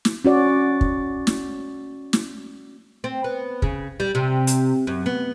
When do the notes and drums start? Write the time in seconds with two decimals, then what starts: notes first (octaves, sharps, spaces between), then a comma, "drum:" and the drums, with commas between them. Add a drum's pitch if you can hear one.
0.05 drum: snare
0.25 C#4 F#4 D5
0.81 drum: kick
1.27 drum: snare
2.13 drum: snare
3.04 C4
3.24 B3
3.62 C#3, drum: kick
4.00 G3
4.15 C3
4.47 drum: hi-hat
4.87 F#2
5.06 B3